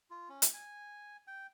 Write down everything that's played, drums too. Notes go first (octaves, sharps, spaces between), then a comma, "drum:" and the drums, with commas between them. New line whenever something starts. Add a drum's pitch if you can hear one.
F4
C#4
drum: hi-hat
G#5
G5